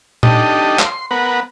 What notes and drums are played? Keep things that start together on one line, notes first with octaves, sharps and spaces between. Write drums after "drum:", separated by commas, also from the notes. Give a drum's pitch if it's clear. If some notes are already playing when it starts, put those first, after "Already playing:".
D4 D#4 G4 A4 D#5, drum: tom A#2
C6, drum: clap
B3 A#4 B4 F#5